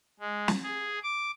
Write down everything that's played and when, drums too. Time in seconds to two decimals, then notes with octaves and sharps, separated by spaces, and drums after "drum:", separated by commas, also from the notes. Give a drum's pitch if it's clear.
0.20 G#3
0.48 drum: snare
0.63 G#4
1.03 D6